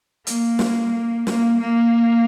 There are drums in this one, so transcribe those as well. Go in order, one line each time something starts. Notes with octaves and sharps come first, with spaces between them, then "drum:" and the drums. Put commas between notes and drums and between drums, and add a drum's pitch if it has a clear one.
A#3, drum: hi-hat
drum: snare
A#3, drum: snare
A#3